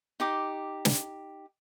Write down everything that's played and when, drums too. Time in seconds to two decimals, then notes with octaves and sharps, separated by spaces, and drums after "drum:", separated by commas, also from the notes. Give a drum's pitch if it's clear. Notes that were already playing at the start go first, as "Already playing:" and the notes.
0.20 D#4 G4 D6
0.85 drum: snare